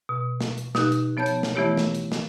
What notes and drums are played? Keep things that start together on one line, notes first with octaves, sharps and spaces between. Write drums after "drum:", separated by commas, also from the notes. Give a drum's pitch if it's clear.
B2
drum: snare
drum: hi-hat
B2 D#4 G4 F#6, drum: snare
drum: hi-hat
F3 B3 C#5 A5 G6
drum: hi-hat
drum: snare
E3 A3 B3 E4 G4 C#5
drum: snare
drum: hi-hat
drum: snare